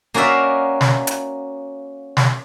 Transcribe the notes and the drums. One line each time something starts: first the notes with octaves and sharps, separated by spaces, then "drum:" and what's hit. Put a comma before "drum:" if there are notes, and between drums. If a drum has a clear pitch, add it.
A#3 C#4 F#4 D5 E5 F5
drum: snare
drum: hi-hat
drum: snare